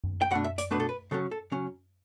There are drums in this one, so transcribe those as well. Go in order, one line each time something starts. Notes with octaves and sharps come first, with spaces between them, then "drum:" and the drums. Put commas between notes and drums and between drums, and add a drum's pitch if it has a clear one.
drum: tom F#2
G5
B2 A3 D4 F#5
E5
D5, drum: hi-hat
B2 A3 D4 B4
A4
B4
C#3 F#3 C#4 A4
A4
C#3 F#3 C#4